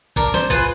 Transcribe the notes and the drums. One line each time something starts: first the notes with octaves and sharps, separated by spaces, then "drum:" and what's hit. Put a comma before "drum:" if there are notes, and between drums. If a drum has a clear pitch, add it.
D4 A#4, drum: kick
C5, drum: snare
F4 G#4 B4, drum: kick